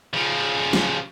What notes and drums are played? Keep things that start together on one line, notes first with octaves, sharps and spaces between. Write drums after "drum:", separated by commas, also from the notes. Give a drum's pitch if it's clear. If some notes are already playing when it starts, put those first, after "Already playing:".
C#3 F3
drum: snare